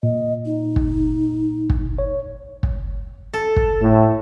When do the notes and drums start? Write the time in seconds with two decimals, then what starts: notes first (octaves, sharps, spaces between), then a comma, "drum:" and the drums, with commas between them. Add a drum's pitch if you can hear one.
0.03 A#2 D#5
0.45 D#4
0.76 drum: kick
1.70 drum: kick
1.99 C#5
2.63 drum: kick
3.34 A4
3.56 drum: kick
3.80 A2